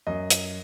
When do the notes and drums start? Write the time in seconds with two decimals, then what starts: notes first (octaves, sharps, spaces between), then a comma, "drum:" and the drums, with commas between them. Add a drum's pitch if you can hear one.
0.07 F#2 D#5
0.30 drum: hi-hat